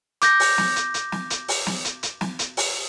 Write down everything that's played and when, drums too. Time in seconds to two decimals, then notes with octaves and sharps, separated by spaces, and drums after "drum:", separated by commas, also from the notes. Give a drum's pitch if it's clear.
0.22 D6 G6 A#6, drum: hi-hat
0.40 drum: open hi-hat
0.58 drum: snare
0.76 drum: hi-hat
0.94 drum: hi-hat
1.12 drum: snare
1.30 drum: hi-hat
1.48 drum: open hi-hat
1.67 drum: snare
1.85 drum: hi-hat
2.03 drum: hi-hat
2.21 drum: snare
2.39 drum: hi-hat
2.57 drum: open hi-hat